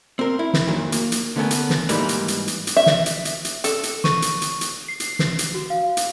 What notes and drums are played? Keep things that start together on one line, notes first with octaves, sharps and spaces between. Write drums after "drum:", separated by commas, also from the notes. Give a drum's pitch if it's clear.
C4 A#4
E4
drum: snare
F2 A#2 D#3 F#3
A#3, drum: hi-hat
drum: hi-hat
D3 A3 B3 C#4 A#4
drum: hi-hat
drum: snare
G#2 E3 G3 A#3 D#4 B4, drum: hi-hat
drum: hi-hat
drum: hi-hat
drum: hi-hat
drum: hi-hat
E5
drum: snare
drum: hi-hat
drum: hi-hat
drum: hi-hat
A4, drum: hi-hat
drum: hi-hat
C#6 D#7, drum: snare
drum: hi-hat
drum: hi-hat
drum: hi-hat
C7
drum: hi-hat
drum: snare
drum: hi-hat
F#4
F5
drum: hi-hat